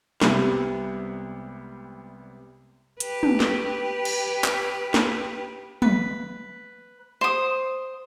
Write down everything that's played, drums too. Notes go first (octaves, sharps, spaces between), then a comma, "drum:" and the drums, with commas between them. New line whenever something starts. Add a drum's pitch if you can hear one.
C2 C3 G3 G#3 B3, drum: snare
G4 B4, drum: hi-hat
drum: tom
drum: snare
drum: cymbal
drum: clap
drum: snare
B4, drum: tom
C5 D#6